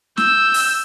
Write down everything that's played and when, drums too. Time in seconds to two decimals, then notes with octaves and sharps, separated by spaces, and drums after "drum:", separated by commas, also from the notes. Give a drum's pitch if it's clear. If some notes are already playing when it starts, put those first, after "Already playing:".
0.17 E6 G6, drum: snare
0.54 drum: open hi-hat